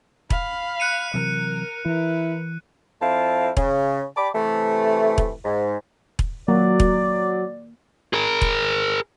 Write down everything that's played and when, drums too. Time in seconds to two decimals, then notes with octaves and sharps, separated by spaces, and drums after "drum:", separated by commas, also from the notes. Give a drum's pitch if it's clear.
0.30 F5 B5, drum: kick E1
0.80 F#6 C#7 D#7
1.14 C3 E3 F#3 A#4
1.85 E3 E4 A#4 B4
3.01 F2 F3 C4 E4 F5 A5
3.57 C#3, drum: kick E1
4.16 G4 D5 A5 B5 D6
4.34 C3 E3 A3
5.18 drum: kick E1
5.44 G#2
6.19 drum: kick E1
6.48 F#3 A#3 D5
6.80 drum: kick E1
8.13 G#4 A#4
8.41 drum: kick E1